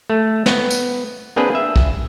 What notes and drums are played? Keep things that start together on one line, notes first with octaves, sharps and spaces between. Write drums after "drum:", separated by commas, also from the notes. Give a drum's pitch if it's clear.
A3
B3, drum: snare
drum: tambourine
A#3 C4 D4 G#4 B4
E5
drum: kick C2